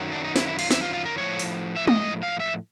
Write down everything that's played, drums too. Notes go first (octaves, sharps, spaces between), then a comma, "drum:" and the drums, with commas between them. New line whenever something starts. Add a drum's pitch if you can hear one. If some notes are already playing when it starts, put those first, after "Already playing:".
Already playing: F#2 D#3 F#3
D4
D#4
E4, drum: snare
E4
F4, drum: cymbal
E4, drum: snare
F4
F4
A#4
A2 F3 C#5
drum: open hi-hat
E5
D#5, drum: tom G#3
F5
E5